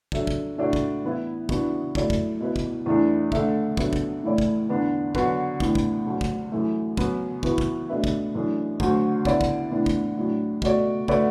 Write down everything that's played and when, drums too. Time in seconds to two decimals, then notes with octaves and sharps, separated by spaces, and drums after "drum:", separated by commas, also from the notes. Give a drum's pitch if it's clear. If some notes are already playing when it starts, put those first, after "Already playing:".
0.12 F#3 D4 A4 E5, drum: kick
0.27 drum: kick
0.58 A2 A3 D4 F#4 D5
0.73 drum: kick
1.04 E3 B3 E4
1.49 E3 B3 D4 F#4, drum: kick
1.95 F#3 A3 E4 D5, drum: kick
2.10 drum: kick
2.40 B2 B3 E4 B4
2.56 drum: kick
2.86 E2 E3 A3 D4
3.32 D3 A3 D4 A4 E5, drum: kick
3.77 F#3 B3 D4 A4 E5, drum: kick
3.93 drum: kick
4.23 A2 E3 A3 E4 D5
4.38 drum: kick
4.69 E2 D3 B3 D4
5.15 D3 F#3 B3 F#4 B4, drum: kick
5.60 A2 E3 B3 D4, drum: kick
5.75 drum: kick
6.06 D2 D3 F#3
6.21 drum: kick
6.52 F#2 E3 A3
6.97 F#2 F#3 B3, drum: kick
7.43 E3 B3 F#4 B4, drum: kick
7.58 drum: kick
7.89 B2 A3 D4 B4 E5
8.04 drum: kick
8.34 F#2 E3 A3 D4
8.80 D2 D3 F#3 D4 F#4, drum: kick
9.25 D3 B3 E4 D5, drum: kick
9.41 drum: kick
9.71 A2 E3 B3 D4
9.86 drum: kick
10.17 A2 F#3 D4
10.62 B2 A3 F#4 D5, drum: kick
11.08 D3 A3 F#4 B4 D5, drum: kick